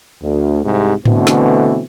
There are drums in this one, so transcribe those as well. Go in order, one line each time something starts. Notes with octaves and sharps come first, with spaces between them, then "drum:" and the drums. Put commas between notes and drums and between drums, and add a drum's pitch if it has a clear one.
D2
C2 G#2 C3
B2 D3 E3 A3 C4, drum: tom G#2
drum: snare